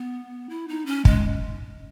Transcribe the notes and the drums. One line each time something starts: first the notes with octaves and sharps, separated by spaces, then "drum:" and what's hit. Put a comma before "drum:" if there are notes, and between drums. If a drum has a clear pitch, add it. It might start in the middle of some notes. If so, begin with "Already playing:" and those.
Already playing: B3
E4
D#4
C#4
G#3, drum: kick